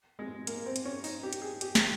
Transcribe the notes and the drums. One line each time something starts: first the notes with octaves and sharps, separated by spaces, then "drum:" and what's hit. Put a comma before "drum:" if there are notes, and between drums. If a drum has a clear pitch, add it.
G#3
A#3, drum: hi-hat
C4
drum: hi-hat
C#4
D#4, drum: open hi-hat
G4
drum: hi-hat
G#4
G4, drum: hi-hat
drum: snare